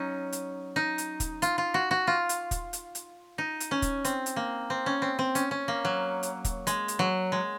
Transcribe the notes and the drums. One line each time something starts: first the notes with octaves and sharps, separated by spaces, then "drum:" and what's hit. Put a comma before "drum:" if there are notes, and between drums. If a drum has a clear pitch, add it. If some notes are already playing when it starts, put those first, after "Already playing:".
Already playing: F#3 C#4 D#4
drum: hi-hat
D#4
drum: hi-hat
drum: kick, hi-hat
F4, drum: hi-hat
F4
F#4
F#4
F4
drum: hi-hat
drum: kick, hi-hat
drum: hi-hat
drum: hi-hat
D#4
drum: hi-hat
C#4
drum: kick, hi-hat
C4, drum: hi-hat
drum: hi-hat
A#3
C4
C#4
C4
C4
C#4, drum: hi-hat
C#4
A#3
F#3
drum: hi-hat
drum: kick, hi-hat
G#3, drum: hi-hat
drum: hi-hat
F#3
G#3